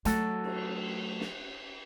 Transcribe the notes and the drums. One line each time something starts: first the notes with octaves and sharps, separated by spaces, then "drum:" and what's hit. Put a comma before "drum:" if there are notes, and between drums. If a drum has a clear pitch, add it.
F#3 A3 F#4 A4, drum: hi-hat
drum: cymbal
drum: snare